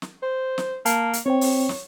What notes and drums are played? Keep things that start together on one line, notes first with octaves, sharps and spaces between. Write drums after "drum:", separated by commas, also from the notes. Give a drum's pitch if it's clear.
drum: snare
C5
drum: snare
A#3 A5, drum: hi-hat
drum: hi-hat
C4 C5 C#5 G5
drum: open hi-hat
drum: snare